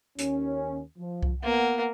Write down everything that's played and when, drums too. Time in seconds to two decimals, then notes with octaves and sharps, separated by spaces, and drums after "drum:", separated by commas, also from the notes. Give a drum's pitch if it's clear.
0.19 D#2 C#4, drum: hi-hat
0.99 F3
1.23 drum: kick C2
1.44 A#3 B3 F#5